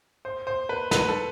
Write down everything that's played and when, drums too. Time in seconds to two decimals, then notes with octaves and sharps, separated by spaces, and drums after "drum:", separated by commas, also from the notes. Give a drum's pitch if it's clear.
0.25 C5
0.47 C5
0.69 B4
0.91 B4, drum: snare
1.09 A4